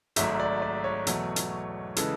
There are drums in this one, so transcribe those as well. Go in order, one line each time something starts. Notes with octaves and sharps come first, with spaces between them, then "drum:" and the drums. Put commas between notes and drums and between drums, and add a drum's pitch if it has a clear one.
G#1 G#2 F#3 A3 E5, drum: hi-hat
D5
D5
C#5
E2 B2 F#3 A3, drum: hi-hat
drum: hi-hat
C#3 E3 G#3 A4, drum: hi-hat